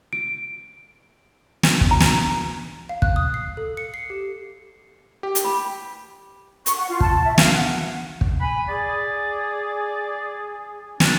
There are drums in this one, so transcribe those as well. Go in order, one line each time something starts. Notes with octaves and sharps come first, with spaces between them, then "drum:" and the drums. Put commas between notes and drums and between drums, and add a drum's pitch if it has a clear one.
D7
drum: snare
drum: kick
A#5
drum: snare
F5
F#6, drum: kick
D#6
C7
A4
C#7
C7
G4
G4
drum: hi-hat
B5
C#6, drum: hi-hat
F#5
F4
A5, drum: kick
E5
F5, drum: snare
F#5
drum: kick
G#5 B5
G#4 D5
D4, drum: snare